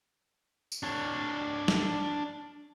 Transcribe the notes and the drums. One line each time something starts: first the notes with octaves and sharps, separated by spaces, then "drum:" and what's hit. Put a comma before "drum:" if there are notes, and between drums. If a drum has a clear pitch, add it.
drum: tambourine
D4 C#5
drum: snare